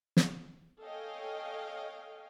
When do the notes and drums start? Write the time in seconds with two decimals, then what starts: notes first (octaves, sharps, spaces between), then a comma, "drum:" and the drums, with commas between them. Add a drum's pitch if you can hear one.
0.17 drum: snare
0.82 A4 C#5 D#5 F5 G5 G#5